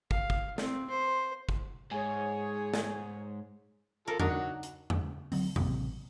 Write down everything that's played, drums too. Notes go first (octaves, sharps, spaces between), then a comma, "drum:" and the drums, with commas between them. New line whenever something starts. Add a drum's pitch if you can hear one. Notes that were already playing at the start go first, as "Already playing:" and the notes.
F5, drum: kick
drum: kick
C4, drum: snare
C5
drum: kick
G#2 G#4 C#5 G#5
drum: snare
F3 A4 A#4
F#3 D4 D#4 A#4 F#5, drum: tom E2
drum: hi-hat
drum: tom E2
D3 F#3 C4, drum: open hi-hat
A1 C3, drum: tom E2